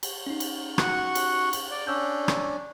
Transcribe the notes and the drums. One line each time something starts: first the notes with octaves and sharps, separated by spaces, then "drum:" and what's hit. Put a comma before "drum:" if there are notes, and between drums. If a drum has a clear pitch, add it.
drum: cymbal
C#4 D#4
drum: cymbal
F#4 F#5 C#6, drum: rim click
drum: cymbal
drum: cymbal
D5
C#4 D4 E6 G6
drum: rim click